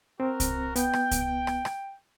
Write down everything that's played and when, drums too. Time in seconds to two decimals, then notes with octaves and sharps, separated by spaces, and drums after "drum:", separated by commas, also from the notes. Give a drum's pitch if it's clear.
0.20 C4 F#4 A#4
0.40 drum: kick C2, hi-hat
0.76 B3 G5, drum: hi-hat
0.93 drum: rim click
1.11 drum: kick C2, hi-hat
1.47 drum: rim click
1.65 drum: rim click